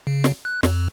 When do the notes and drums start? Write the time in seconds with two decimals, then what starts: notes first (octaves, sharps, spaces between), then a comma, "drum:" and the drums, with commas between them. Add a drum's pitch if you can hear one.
0.07 C#3
0.24 drum: snare
0.45 F#6
0.63 F2, drum: snare